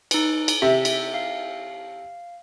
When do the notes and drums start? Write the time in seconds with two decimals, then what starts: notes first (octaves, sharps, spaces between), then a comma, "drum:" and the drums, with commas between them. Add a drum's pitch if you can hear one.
0.11 D#4 B4, drum: cymbal
0.48 drum: cymbal
0.62 C3 E5
0.85 drum: cymbal
1.14 F5